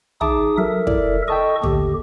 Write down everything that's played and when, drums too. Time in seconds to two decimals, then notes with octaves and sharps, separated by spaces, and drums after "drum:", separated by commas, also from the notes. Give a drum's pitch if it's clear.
0.21 D#4 G#4 E5 A5 D6 D#6, drum: tom
0.58 F#3 A4 A#4 E5
0.87 E4 D5, drum: kick
1.28 A4 D#5 G5 A5 C#6 D#6
1.63 D#2 A2 D3 G4, drum: tom